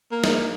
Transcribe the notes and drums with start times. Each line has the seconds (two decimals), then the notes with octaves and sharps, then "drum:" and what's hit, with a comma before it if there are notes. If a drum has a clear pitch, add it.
0.12 A#3
0.24 drum: snare